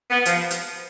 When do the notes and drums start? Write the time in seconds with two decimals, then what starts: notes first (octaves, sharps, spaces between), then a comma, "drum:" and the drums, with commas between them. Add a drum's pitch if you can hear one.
0.09 B3
0.25 F3, drum: hi-hat
0.51 drum: hi-hat